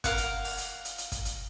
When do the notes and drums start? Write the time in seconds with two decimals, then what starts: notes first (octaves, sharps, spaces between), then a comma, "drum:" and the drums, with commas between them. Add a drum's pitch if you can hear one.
0.04 A#4 F5 F#5, drum: kick, hi-hat
0.17 drum: hi-hat
0.44 drum: open hi-hat
0.58 drum: hi-hat
0.85 drum: hi-hat
0.98 drum: hi-hat
1.12 drum: kick, hi-hat
1.25 drum: hi-hat